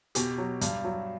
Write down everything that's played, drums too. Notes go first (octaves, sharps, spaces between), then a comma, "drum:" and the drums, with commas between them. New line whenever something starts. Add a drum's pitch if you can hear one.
B2 G4, drum: hi-hat
F#3
G2, drum: hi-hat
F#3